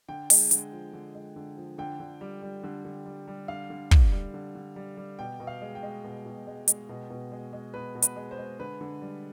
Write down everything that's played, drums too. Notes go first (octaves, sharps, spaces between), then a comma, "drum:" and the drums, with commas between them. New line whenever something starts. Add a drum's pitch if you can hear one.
D3 G5
G#3, drum: open hi-hat
D3, drum: hi-hat
F3
D3
G#3
D3
F3
D3 G5
D3
G3
G3
D3
D3
G3
G3
D3 F5
D3
G3, drum: kick
G3
D3
D3
G3
G3
B2 G5
B2
F5
G#3
G5
G#3
B2
B2
G#3
G#3, drum: hi-hat
B2
B2
G#3
G#3
B2 B4
B2
B4, drum: hi-hat
G#3
C5
G#3
D3 B4
D3
G3